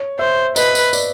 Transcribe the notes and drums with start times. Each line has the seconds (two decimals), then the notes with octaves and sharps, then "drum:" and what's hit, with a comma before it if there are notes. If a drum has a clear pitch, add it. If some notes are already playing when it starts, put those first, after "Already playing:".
Already playing: C#5
0.19 C5 E5
0.56 B4 D#5, drum: tambourine
0.75 drum: tambourine
0.93 D5, drum: tambourine